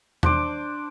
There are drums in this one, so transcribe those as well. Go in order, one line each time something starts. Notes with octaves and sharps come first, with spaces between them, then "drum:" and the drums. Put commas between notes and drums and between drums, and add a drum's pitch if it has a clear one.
D4 C5 D6, drum: tom E2